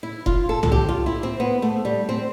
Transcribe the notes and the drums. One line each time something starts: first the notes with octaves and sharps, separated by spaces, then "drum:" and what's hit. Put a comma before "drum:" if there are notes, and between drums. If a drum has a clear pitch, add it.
E4
F4, drum: kick F1
A4
A4, drum: tom C2
G4
F4
E4
C4
B3
A3
G3
C4